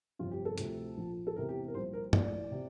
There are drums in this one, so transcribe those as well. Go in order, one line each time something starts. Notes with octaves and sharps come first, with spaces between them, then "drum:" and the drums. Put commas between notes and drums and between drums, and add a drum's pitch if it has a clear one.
G1 F2 C3 F3 F4
G4
A4
D2 C3 F3, drum: hi-hat
A#1 A#2 F3
A4
E1 E2 C3 E3 A#4
G4
A#4
C2 A#2 F3 C5
A#4
A#1 A2 E3 D5, drum: tom G2
C3